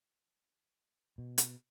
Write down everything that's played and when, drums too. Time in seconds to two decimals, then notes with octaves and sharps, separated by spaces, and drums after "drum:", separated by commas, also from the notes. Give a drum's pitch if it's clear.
1.18 B2
1.38 drum: hi-hat